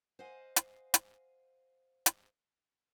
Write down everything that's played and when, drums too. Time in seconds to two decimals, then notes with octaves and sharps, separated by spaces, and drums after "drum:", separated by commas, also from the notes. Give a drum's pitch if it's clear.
0.19 C5 D#5 F5 F#5 G#5
0.56 drum: hi-hat
0.94 drum: hi-hat
2.06 drum: hi-hat